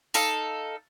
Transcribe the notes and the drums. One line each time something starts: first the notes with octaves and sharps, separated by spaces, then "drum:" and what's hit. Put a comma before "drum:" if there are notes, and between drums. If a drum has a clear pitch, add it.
D#4 A4 F5, drum: tambourine